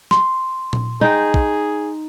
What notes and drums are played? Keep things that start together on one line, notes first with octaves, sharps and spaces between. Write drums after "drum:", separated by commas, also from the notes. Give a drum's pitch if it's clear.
C6, drum: snare
drum: tom A#2
D#4 G#4 D#5 G5
drum: kick